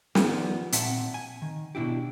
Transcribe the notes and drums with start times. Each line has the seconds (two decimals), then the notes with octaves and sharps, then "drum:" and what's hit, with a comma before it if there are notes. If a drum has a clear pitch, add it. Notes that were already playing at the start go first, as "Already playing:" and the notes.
0.15 D#3 F3 G3 B3, drum: snare
0.72 A#2 C4 E5 F#5 A5, drum: hi-hat
1.14 G#5
1.42 D#3
1.75 B2 D4 E4 G4